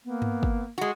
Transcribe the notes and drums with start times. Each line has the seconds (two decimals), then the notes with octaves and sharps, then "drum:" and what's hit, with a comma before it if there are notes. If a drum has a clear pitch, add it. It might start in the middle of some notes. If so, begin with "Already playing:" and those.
0.05 A#3 B3
0.22 drum: tom G2
0.43 drum: kick
0.78 G#3 F#4